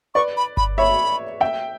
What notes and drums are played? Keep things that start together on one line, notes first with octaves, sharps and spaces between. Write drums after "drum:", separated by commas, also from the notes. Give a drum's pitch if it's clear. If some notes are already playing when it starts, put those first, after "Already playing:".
B4 D5 C#6
B5
B5, drum: kick G1
C#5 E5 B5
E5 G5